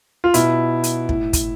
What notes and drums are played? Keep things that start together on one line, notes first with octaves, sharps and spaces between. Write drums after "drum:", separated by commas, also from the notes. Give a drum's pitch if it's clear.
F4
B2 E4, drum: hi-hat
drum: hi-hat
A2, drum: kick
drum: kick, hi-hat